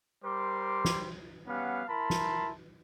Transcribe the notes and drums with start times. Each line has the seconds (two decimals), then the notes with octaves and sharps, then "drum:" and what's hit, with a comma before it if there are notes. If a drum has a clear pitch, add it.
0.24 G3 A#4 C5 C6 D6
0.85 drum: snare
1.47 G3 B3 C#4 F5 F#5
1.89 E4 A#4 A5 B5 C6
2.10 drum: snare